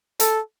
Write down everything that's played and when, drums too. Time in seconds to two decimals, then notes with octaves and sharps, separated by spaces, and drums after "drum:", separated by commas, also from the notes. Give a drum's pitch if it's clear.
0.20 A4, drum: hi-hat